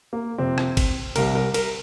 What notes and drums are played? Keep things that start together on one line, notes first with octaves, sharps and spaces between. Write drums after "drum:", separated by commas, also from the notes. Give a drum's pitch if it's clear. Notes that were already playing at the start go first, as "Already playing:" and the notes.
A#3
F2 C3 C4
drum: rim click
drum: kick, cymbal
C2 C3 A#4, drum: cymbal
A#4
A#4, drum: cymbal